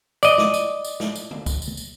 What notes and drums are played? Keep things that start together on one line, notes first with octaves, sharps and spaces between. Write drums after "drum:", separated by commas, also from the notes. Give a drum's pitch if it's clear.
D5 D#5, drum: tambourine
drum: snare
drum: tambourine
drum: tambourine
drum: snare
drum: tambourine
drum: tom D3
drum: kick, tambourine
drum: tambourine
drum: tambourine